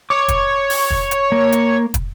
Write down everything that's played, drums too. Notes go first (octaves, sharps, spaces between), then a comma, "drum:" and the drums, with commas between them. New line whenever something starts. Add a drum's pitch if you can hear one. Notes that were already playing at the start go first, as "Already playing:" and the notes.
C#5 D6
drum: kick, hi-hat
drum: open hi-hat
drum: kick
drum: hi-hat
A#3
drum: hi-hat
drum: kick, hi-hat